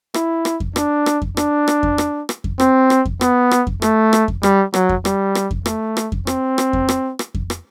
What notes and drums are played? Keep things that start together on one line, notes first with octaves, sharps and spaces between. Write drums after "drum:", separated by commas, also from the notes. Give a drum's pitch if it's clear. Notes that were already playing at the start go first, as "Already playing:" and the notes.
E4, drum: rim click
drum: rim click
drum: kick F2
D4, drum: rim click
drum: rim click
drum: kick F2
D4, drum: rim click
drum: rim click
drum: kick F2
drum: rim click
drum: rim click
drum: kick F2
C4, drum: rim click
drum: rim click
drum: kick F2
B3, drum: rim click
drum: rim click
drum: kick F2
A3, drum: rim click
drum: rim click
drum: kick F2
G3, drum: rim click
F#3, drum: rim click
drum: kick F2
G3, drum: rim click
drum: rim click
drum: kick F2
A3, drum: rim click
drum: rim click
drum: kick F2
C4, drum: rim click
drum: rim click
drum: kick F2
drum: rim click
drum: rim click
drum: kick F2
drum: rim click